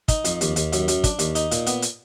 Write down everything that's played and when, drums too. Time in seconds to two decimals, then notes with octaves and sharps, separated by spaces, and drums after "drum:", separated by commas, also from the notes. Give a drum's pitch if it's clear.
0.08 D#4, drum: kick, hi-hat
0.25 F2, drum: hi-hat
0.41 D#2, drum: hi-hat
0.56 D#2, drum: hi-hat
0.73 F#2, drum: hi-hat
0.88 F#2, drum: hi-hat
1.04 D4, drum: kick, hi-hat
1.19 D#2, drum: hi-hat
1.35 D#4, drum: hi-hat
1.51 A#2, drum: hi-hat
1.67 B3, drum: hi-hat
1.82 drum: hi-hat